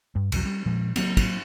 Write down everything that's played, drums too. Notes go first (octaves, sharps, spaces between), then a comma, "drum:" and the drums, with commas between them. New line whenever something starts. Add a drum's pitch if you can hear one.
G2
B1 E2 F#3, drum: cymbal
G3
A#2 F3 G#3
F#3 A#3 C4, drum: cymbal
drum: kick, cymbal